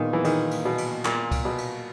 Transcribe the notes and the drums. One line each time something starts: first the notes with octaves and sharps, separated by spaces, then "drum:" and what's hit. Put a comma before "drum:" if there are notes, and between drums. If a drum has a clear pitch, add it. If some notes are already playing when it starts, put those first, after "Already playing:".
Already playing: A#2 D#3 B3
E3
D#3, drum: cymbal
drum: cymbal
B2
drum: cymbal
A#2, drum: clap
drum: kick, cymbal
B2
drum: cymbal